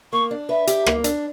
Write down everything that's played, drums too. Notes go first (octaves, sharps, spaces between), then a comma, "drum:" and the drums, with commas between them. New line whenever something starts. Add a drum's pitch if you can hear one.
A#3 C#6
D4
B4 E5
G4, drum: hi-hat
A#3, drum: rim click
D4, drum: hi-hat